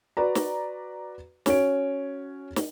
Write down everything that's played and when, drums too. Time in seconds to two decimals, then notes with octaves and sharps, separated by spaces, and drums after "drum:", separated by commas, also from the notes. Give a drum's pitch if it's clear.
0.17 F#4 B4 D5 A#5
0.35 drum: snare
1.46 C#4 F#4 C#5 D7, drum: snare
2.56 drum: snare